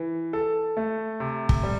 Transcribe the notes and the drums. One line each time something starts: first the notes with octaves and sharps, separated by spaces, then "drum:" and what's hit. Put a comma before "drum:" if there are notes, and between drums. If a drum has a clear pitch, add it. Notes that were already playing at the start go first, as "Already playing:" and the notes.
Already playing: E3
A4
A3
C3
drum: kick
G3